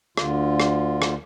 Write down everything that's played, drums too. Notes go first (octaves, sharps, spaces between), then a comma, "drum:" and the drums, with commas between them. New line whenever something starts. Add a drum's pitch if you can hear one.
D2 D3 F4, drum: rim click
drum: rim click
drum: rim click